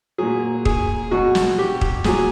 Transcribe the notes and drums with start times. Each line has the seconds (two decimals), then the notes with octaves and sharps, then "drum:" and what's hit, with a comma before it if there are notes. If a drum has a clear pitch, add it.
0.18 A#2 F#3 G#4
0.65 G#4, drum: kick
1.11 B2 F#3 F#4
1.35 drum: snare
1.58 G4
1.81 drum: kick
2.04 A#2 F#3 G#4, drum: snare